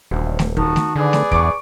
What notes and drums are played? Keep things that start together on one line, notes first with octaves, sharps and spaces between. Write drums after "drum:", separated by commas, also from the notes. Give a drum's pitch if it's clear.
D#1 D2
drum: snare
D#3 F#4 A5 D#6, drum: kick
drum: snare
D3 G#4 B4 D5
drum: snare
E2 C#6 D6 D7, drum: kick